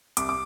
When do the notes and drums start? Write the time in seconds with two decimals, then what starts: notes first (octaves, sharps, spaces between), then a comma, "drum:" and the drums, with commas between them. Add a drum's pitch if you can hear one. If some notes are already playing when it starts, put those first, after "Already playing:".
0.17 C2 D6, drum: hi-hat
0.29 D6